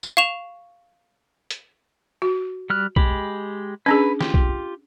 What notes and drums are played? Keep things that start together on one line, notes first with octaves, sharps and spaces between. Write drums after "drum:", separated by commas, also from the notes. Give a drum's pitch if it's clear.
drum: tambourine
F5 C#6 E7 F7
drum: hi-hat
F#4
G3 F6 F#6
G#3 G4 B5, drum: kick B1
C#4 D4 G#4 B4
F4 G4, drum: snare
drum: kick B1